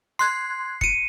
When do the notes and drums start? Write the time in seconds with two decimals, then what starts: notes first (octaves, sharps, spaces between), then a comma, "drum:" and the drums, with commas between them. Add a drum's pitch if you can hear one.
0.19 C6 F#6 G#6 C7
0.81 C#7 D#7, drum: kick